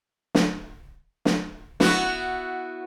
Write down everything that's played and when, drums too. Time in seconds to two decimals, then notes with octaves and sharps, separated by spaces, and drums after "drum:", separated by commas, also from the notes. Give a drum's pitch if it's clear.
0.35 drum: snare
1.25 drum: snare
1.80 B3 E4 F#4, drum: snare